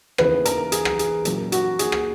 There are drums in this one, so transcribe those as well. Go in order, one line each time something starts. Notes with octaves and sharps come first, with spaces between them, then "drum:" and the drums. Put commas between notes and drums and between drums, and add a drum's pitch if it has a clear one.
E1 D#2 C#3 E3 B3 B4, drum: rim click
A#4, drum: hi-hat
G#4, drum: hi-hat
drum: rim click
G#4, drum: hi-hat
A#2 F#3 C#4 E4 A#4, drum: hi-hat
F#4, drum: hi-hat
G#4, drum: hi-hat
drum: rim click